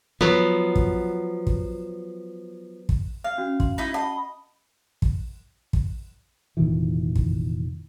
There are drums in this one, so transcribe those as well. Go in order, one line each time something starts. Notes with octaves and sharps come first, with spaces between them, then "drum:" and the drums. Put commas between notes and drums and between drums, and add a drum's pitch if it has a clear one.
F3 F#3 B3
drum: kick
drum: kick
drum: kick
E5 F5
C#4 D4 F#4
C6, drum: kick
D#4 E4 D#5 B5
D#5 E5 F#5 A5
drum: kick
drum: kick
F1 A#2 D#3 E3
drum: kick